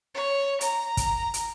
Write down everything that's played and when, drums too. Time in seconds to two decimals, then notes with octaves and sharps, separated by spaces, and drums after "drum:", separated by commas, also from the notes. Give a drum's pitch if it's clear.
0.14 C#5
0.61 A#5, drum: hi-hat
0.97 drum: kick, hi-hat
1.34 drum: hi-hat